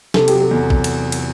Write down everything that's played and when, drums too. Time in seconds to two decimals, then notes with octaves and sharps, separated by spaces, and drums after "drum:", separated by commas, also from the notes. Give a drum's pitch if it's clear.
0.14 C3 A4, drum: snare
0.28 F#3 G4, drum: cymbal
0.41 A4
0.51 E2
0.70 drum: kick
0.84 drum: cymbal
1.12 drum: cymbal